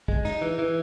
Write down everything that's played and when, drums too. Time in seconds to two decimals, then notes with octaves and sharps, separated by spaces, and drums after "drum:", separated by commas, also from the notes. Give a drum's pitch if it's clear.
0.08 G#3, drum: kick
0.25 D#4, drum: cymbal
0.42 E3
0.59 E3